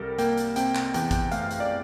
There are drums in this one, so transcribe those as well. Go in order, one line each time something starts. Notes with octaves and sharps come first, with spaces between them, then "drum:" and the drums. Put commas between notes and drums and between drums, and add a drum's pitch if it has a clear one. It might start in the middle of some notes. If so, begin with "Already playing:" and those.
Already playing: C2 G3 A4 A#4
A#3 G5, drum: hi-hat
drum: hi-hat
C3 G5, drum: hi-hat
drum: clap
E2 G5, drum: hi-hat
G5, drum: kick, hi-hat
A3 F5, drum: hi-hat
drum: hi-hat
D5